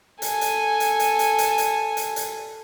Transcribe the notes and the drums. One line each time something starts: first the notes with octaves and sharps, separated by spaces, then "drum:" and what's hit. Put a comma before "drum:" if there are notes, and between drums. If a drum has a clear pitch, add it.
A4 G#5, drum: hi-hat
drum: hi-hat
drum: hi-hat
drum: hi-hat
drum: hi-hat
drum: hi-hat
drum: hi-hat
drum: hi-hat
drum: hi-hat